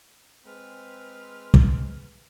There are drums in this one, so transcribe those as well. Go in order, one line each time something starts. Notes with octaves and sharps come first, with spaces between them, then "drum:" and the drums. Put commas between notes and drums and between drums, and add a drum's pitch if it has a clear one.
G#3 C4 B4 F6
drum: kick